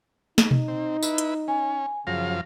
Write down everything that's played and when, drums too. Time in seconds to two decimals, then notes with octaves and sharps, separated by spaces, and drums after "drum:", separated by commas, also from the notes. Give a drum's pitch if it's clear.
0.38 D#4, drum: snare
0.51 drum: tom B2
0.68 C4
1.03 E4 B4, drum: tambourine
1.18 drum: hi-hat
1.48 C#4 G#5
2.07 F#2 C#3 F3 F5 A#6